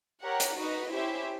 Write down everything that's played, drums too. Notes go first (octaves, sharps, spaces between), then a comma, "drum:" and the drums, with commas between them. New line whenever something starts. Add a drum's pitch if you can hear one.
G4 A#4 C#5 F#5
drum: hi-hat
D#4 F#4 B4 D#5
C#4 E4 G4 C5 E5